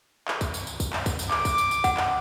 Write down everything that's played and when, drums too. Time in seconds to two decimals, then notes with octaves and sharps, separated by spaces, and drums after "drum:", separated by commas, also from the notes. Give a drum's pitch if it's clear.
0.28 drum: clap
0.41 drum: kick, tambourine
0.54 drum: tambourine
0.67 drum: tambourine
0.80 drum: kick, tambourine
0.93 drum: clap
1.06 drum: kick, tambourine
1.19 drum: tambourine
1.31 D6, drum: clap
1.45 drum: kick, tambourine
1.58 drum: tambourine
1.71 drum: tambourine
1.84 F#5, drum: kick, tambourine
1.97 drum: clap